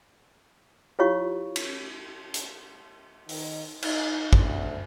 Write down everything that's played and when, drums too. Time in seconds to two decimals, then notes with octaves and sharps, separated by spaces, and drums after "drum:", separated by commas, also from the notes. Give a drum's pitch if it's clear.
0.99 E4 F4 G4 C#5 F5 C#6
1.56 drum: cymbal
2.34 drum: hi-hat
3.29 D#3, drum: open hi-hat
3.83 D#4, drum: cymbal
4.33 D2, drum: kick